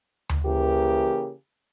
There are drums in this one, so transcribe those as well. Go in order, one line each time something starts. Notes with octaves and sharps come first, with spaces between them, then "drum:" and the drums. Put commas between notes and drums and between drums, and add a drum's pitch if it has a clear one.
drum: tom D2
C#3 E3 A#3 G4 A#4